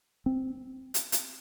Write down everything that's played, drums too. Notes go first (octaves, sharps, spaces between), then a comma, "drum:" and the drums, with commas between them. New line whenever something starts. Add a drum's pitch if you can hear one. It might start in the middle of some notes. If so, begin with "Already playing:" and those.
C4
drum: hi-hat
drum: hi-hat